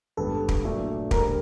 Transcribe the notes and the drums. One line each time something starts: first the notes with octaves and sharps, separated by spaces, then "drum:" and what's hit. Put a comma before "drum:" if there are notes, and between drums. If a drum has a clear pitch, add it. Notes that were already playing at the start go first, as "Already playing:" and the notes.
G#1 G2 D3 G3 B3 A4
drum: kick
A#2 F#3 A3 D4
D2 D3 G3 A#4, drum: kick